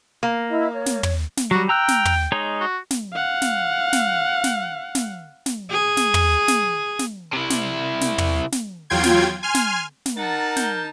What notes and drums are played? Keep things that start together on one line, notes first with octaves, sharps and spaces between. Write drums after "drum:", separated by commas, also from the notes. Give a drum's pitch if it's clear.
A#3
E4 D#5
C#5
drum: snare
drum: tom
drum: snare
F#3 G3 F#4
G5 A#5 E6 F#6
drum: snare
drum: tom
G#3 D#4 C#5
F#4
drum: snare
F5 F#5
drum: snare
drum: snare
drum: snare
drum: snare
drum: snare
G#4
drum: snare
drum: tom
drum: snare
drum: snare
C3 E4
drum: snare
drum: snare
drum: tom
drum: snare
E2 F#3 F4 G5 C6 G#6
drum: snare
G#5 C6 F6
drum: snare
drum: snare
D#4 A#4 F#5 A5 A6
G6, drum: snare